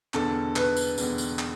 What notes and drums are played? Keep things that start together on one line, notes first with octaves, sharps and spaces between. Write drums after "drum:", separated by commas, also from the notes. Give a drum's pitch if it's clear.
E1 E2 D3 A4, drum: clap
B4, drum: clap
drum: tambourine
E1 E2 D3, drum: tambourine
drum: tambourine
drum: clap